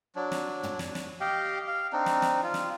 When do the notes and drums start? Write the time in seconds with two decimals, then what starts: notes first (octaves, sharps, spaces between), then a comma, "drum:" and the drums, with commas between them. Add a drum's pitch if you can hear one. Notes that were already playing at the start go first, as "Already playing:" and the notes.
0.16 F#3 D4
0.32 drum: snare
0.63 drum: tom
0.79 drum: snare
0.95 drum: snare
1.20 G4 D#5 F5 G5
1.67 F5
1.93 C4 D4 D#4
2.06 drum: snare
2.22 drum: snare
2.43 F4
2.54 drum: snare